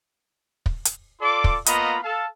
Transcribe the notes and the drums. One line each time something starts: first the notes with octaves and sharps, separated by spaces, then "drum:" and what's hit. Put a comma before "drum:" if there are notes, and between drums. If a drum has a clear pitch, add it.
drum: kick
drum: hi-hat
F4 A4 D5 C6 D6
drum: kick
A#3 B3 F4 D#5 A#5 B5, drum: hi-hat
A4 F5 A5